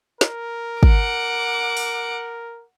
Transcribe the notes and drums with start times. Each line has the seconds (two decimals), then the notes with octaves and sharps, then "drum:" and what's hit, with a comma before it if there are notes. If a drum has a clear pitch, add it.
0.21 A#4, drum: snare
0.83 F#5 D6, drum: kick
1.77 drum: open hi-hat